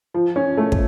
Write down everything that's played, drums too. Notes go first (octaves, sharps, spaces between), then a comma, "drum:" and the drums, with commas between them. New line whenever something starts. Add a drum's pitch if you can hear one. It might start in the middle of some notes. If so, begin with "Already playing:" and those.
F3
C#4
A3
drum: kick